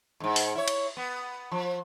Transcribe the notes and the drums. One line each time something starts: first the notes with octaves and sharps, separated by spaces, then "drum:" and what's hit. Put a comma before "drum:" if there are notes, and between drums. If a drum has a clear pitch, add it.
E2 G#2
drum: open hi-hat
E4 C#5
drum: cymbal
B3
F3